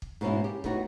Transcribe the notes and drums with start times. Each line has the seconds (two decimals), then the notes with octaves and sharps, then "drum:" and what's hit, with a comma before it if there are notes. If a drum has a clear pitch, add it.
0.02 drum: kick
0.21 G#2 B2 A#3 C#4 E4
0.44 G4
0.64 A2 B3 D#4 F#4, drum: kick